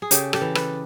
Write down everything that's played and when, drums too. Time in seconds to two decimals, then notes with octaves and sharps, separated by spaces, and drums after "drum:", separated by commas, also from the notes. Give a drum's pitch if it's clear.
0.02 G#4
0.11 C#3 G4 A4, drum: hi-hat
0.33 G4 A4, drum: rim click
0.41 E3
0.55 A4 B4, drum: rim click